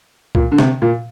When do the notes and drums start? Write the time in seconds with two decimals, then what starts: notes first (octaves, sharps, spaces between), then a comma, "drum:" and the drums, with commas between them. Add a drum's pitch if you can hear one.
0.35 A#2, drum: kick C2
0.52 D3
0.58 C3, drum: snare
0.82 A#2